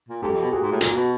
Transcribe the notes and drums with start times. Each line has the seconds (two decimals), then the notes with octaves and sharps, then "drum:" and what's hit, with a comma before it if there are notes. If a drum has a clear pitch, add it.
0.09 A#2
0.23 G#2 G4 A4
0.28 F#2
0.33 F2
0.42 B2
0.51 A#2 F#4 G#4
0.62 G#2
0.71 A2
0.81 A#2, drum: hi-hat
0.91 F#4
0.96 B2